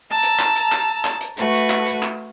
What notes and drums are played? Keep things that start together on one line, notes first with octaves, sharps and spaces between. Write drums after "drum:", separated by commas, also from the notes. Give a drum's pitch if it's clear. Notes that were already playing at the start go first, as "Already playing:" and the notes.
A5 A#5 E6
drum: hi-hat
drum: clap
drum: hi-hat
drum: clap
drum: clap
drum: hi-hat
A3 F#4 B4, drum: hi-hat
drum: hi-hat
drum: clap
drum: hi-hat
drum: clap